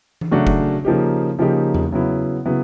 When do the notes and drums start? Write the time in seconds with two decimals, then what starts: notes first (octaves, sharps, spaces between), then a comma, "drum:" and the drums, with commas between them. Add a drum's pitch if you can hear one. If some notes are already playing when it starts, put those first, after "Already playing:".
0.21 drum: tom E3
0.31 C#3 F#3 A3 D4 F#4
0.47 drum: kick F1
0.85 C#3 F3 A#3 D#4 G4
1.39 C#3 F3 A#3 D#4 G4
1.74 drum: tom E2
1.92 C#3 F#3 B3 E4
2.45 C#3 F#3 B3 E4